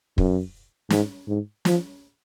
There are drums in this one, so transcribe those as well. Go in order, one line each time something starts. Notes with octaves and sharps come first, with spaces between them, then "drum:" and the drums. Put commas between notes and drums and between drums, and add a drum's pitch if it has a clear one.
F#2, drum: kick
G#2, drum: snare
G#2
F3, drum: snare